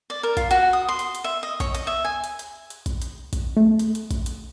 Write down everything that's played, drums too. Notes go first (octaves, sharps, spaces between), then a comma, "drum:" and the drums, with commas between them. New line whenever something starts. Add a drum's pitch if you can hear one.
D5
A#4
F4, drum: kick, hi-hat
F#4, drum: hi-hat
D#6
C6
drum: hi-hat
drum: hi-hat
E5
D#5
C#5, drum: kick, hi-hat
D#5, drum: hi-hat
E5
G#5
drum: hi-hat
drum: hi-hat
drum: hi-hat
drum: kick, hi-hat
drum: hi-hat
drum: kick, hi-hat
A3
drum: hi-hat
drum: hi-hat
drum: kick, hi-hat
drum: hi-hat